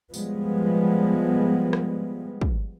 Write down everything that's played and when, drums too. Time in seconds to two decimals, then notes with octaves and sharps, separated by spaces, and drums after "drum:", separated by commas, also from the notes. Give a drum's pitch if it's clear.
0.14 F3 G3 G#3 B3, drum: tambourine
1.73 drum: rim click
2.41 drum: kick